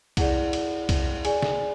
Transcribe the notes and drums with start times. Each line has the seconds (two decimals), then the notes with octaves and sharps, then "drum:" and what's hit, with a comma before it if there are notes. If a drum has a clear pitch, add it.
0.17 E4 G#4 D5 F#5, drum: kick, cymbal
0.53 drum: cymbal
0.89 drum: kick, cymbal
1.25 G#4 D5 G#5, drum: cymbal
1.43 drum: snare